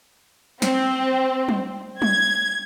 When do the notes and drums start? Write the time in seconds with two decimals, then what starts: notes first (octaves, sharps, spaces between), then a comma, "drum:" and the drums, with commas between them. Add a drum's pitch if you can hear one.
0.62 C4, drum: snare
1.49 drum: tom F#3
2.02 G#6, drum: tom F#3